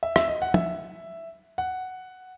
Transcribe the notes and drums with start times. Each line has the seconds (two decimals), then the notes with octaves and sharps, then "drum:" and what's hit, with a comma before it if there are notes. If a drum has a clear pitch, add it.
0.03 E5
0.16 E5, drum: rim click
0.28 D#5
0.42 F#5
0.54 E5, drum: tom
1.58 F#5